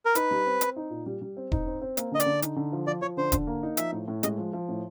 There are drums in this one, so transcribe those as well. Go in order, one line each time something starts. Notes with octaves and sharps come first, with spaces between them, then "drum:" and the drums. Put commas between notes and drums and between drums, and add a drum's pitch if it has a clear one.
A#4
D#4 B4, drum: hi-hat
G3
C4
C4, drum: hi-hat
D#4
A#2
G3
G3
C4
D#4, drum: kick E1
C4
C4
A#3, drum: hi-hat
D3 D#5
D5, drum: hi-hat
D3
D#4, drum: hi-hat
D3
F3
F3 D5
F3 C#5
D3 C5
D3, drum: kick E1, hi-hat
A#3
D#4
F3 E5, drum: hi-hat
A2
A2
G#3 D#5, drum: hi-hat
F3
F3
A2